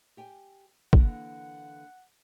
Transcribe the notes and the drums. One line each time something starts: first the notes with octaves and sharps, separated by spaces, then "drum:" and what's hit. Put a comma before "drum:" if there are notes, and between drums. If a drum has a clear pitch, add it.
G4 G5 G#5
D3 E3 A#3 F#5, drum: kick